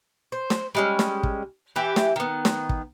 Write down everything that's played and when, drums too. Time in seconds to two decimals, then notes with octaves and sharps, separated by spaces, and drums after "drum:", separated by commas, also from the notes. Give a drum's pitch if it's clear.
0.32 C5
0.50 drum: snare
0.75 G3 G#3 C#4
0.99 drum: snare
1.23 drum: kick
1.76 E3 G4 E5
1.96 drum: snare
2.16 D#3 B3
2.45 drum: snare
2.69 drum: kick